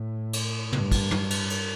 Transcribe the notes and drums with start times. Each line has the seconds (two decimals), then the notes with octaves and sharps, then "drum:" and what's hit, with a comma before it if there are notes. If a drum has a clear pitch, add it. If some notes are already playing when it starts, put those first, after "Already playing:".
Already playing: A2
0.33 drum: cymbal
0.72 G2, drum: tom
0.92 drum: kick, cymbal
1.11 drum: tom
1.30 drum: cymbal
1.50 drum: cymbal